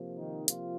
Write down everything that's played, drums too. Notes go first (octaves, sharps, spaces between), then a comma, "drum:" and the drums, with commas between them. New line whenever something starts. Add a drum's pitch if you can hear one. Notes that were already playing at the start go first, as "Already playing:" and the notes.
Already playing: C3 F3 A#3
D#3 D#4
F3 F4, drum: hi-hat